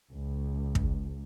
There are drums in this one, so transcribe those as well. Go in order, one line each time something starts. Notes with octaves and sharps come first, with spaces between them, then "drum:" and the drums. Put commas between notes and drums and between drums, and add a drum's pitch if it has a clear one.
C#2
drum: kick